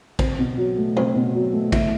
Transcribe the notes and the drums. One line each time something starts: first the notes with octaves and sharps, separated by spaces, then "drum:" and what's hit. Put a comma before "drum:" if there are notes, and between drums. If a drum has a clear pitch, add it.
C4, drum: kick, cymbal
B2
F#3
A3
C4, drum: tom
B2
F#3
A3
E4, drum: kick, cymbal